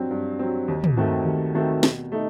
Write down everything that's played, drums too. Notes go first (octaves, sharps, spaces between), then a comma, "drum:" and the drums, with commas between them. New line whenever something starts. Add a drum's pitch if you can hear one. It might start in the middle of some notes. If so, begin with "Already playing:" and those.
Already playing: G2 F#3 C4
G2
F#3 C4
D#2
drum: tom
D#3 A3 C4 F#4
D#2
D#3 A3 C4 F#4
B2, drum: snare
A3 D#4